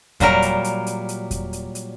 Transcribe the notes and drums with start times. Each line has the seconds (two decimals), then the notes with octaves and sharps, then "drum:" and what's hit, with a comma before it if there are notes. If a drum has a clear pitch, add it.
0.20 A#2 F#3 G3 A#4, drum: kick E2, hi-hat
0.42 drum: hi-hat
0.64 drum: hi-hat
0.86 drum: hi-hat
1.09 drum: hi-hat
1.31 drum: kick E2, hi-hat
1.53 drum: hi-hat
1.75 drum: hi-hat